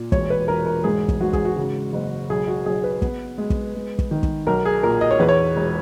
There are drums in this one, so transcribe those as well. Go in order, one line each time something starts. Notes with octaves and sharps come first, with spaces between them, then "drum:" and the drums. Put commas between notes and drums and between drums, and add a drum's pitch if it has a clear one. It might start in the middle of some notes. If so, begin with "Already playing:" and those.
Already playing: A#2
E1 C#5, drum: kick
B4
E1 A#4
A#4
G#2 G#4
drum: kick
G#2 F#4
G#4, drum: kick
F#4
C#3
F#1
B1 G#4
F#4
B1 G#4
B4
B3, drum: kick
G#3
drum: kick
G#3
drum: kick
D#3
drum: kick
B1 A#4
G#4
A#2 A#4
D#5
C#5
E2 B4
C#5
E1